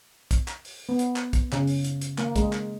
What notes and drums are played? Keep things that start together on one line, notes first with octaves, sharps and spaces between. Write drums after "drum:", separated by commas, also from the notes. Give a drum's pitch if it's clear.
drum: kick, hi-hat
drum: clap
drum: open hi-hat
B3
drum: hi-hat
drum: clap
drum: kick, hi-hat
C#3, drum: clap
drum: open hi-hat
drum: hi-hat
drum: hi-hat
A#3, drum: clap
G#3, drum: kick, hi-hat
drum: clap